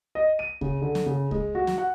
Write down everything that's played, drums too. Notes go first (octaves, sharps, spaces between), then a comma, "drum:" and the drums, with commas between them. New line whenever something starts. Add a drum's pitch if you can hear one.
D#5
D#7
C#3, drum: kick C#2
D3
drum: snare
C#3
G#3, drum: kick C#2
F#4
drum: snare
F#5